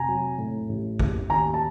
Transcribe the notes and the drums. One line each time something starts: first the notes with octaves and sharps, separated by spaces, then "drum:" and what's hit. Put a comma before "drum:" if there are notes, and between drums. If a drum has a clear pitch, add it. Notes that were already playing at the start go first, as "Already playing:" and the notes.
Already playing: F1 G#5 A#5
F#3
A2
A1
A1, drum: kick
D#2 G#5 A#5
A5